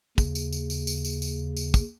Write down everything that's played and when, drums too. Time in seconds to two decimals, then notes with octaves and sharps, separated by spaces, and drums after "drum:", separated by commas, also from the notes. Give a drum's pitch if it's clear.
0.18 D#2 C#3, drum: kick, tambourine
0.35 drum: tambourine
0.53 drum: tambourine
0.70 drum: tambourine
0.87 drum: tambourine
1.05 drum: tambourine
1.22 drum: tambourine
1.57 drum: tambourine
1.74 drum: kick, tambourine